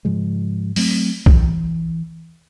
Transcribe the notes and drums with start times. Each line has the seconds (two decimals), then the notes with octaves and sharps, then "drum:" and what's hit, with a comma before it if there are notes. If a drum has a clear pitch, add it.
0.05 G#2 C#3 F3 G#3
0.76 F#3 A3 C4, drum: open hi-hat
1.26 E3, drum: kick B1